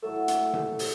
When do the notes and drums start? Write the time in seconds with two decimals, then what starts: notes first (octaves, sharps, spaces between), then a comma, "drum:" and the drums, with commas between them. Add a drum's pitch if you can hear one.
0.02 A2 F#3 A4 E5
0.28 drum: hi-hat
0.53 drum: tom B2
0.79 drum: open hi-hat